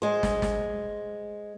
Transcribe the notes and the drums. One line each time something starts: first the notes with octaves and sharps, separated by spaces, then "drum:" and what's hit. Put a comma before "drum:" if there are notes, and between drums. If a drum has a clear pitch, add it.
G#3 C5
drum: snare
drum: snare